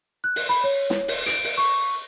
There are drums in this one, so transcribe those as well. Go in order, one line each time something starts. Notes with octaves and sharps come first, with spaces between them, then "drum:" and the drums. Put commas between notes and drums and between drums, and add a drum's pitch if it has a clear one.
F#6
drum: open hi-hat
B5
C#5
drum: snare
drum: open hi-hat
D7, drum: hi-hat
drum: open hi-hat
C#6